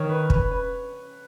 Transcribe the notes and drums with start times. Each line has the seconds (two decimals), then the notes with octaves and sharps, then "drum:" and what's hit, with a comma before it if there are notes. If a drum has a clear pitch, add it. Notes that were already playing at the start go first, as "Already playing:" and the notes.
Already playing: D#3 C#5
0.09 B4
0.30 B4, drum: kick
0.51 B4